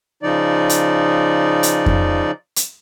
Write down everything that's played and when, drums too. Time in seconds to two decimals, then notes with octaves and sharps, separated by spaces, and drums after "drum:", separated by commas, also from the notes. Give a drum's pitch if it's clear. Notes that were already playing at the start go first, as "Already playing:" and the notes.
0.23 C#3 F3 D#4 D5
0.70 drum: hi-hat
1.63 drum: hi-hat
1.86 drum: kick F2
2.56 drum: hi-hat